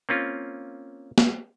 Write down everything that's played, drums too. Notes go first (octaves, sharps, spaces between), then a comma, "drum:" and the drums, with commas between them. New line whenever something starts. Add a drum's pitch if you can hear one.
A#3 C4 C#4 F4
drum: snare